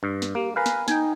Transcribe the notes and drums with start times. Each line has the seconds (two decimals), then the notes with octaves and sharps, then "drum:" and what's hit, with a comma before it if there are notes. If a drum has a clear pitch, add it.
0.03 G2
0.22 drum: snare
0.35 A#3 G4
0.56 A#4 B4 F5 G#5
0.66 drum: snare
0.88 D#4 G5 G#5, drum: snare